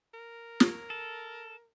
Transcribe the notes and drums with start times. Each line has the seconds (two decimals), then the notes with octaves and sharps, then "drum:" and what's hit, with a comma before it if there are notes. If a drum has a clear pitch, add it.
0.14 A#4
0.60 drum: snare
0.90 A4